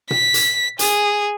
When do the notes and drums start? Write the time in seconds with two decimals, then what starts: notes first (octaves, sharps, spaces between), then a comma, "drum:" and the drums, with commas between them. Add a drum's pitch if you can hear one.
0.11 B6, drum: tom A#2
0.34 drum: hi-hat
0.79 G#4, drum: hi-hat